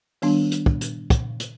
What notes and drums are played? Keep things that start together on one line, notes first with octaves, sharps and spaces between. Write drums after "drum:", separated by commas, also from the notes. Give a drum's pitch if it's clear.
D#3 G3 B3 D4, drum: open hi-hat
drum: hi-hat
drum: kick
drum: hi-hat
drum: kick, hi-hat
drum: hi-hat